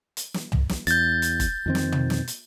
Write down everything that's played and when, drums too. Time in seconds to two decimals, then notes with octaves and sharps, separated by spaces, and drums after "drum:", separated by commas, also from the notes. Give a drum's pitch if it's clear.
0.17 drum: hi-hat
0.34 drum: snare
0.52 drum: tom
0.69 drum: snare
0.87 E2 G6 A6, drum: hi-hat
1.22 drum: hi-hat
1.40 drum: kick F1, hi-hat
1.66 F2 D#3 C4
1.75 drum: snare
1.92 drum: tom
2.10 drum: snare
2.28 drum: hi-hat